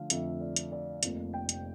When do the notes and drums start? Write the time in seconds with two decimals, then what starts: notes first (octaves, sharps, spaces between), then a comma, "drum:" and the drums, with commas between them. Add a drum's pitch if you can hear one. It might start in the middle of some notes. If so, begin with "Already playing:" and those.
Already playing: D3 F3 A3 F5
0.10 F2 D3 F3 A3 E5, drum: hi-hat
0.41 D5
0.56 drum: hi-hat
0.72 D5
1.03 F1 F2 C3 F3 A#3, drum: hi-hat
1.34 G5
1.49 drum: hi-hat